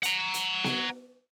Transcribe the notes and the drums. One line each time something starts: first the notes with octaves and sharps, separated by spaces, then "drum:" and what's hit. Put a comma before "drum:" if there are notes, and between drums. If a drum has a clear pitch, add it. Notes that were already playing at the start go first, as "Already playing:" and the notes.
F#5 A#5, drum: hi-hat
drum: hi-hat
drum: snare B3